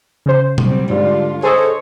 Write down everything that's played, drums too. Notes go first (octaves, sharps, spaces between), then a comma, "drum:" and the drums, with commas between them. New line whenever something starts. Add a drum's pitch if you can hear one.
C#3 C5
F#3 G3 C4, drum: tom B2
G#2 D3 G3 F4
G#4 A4 C5 C#5 D#5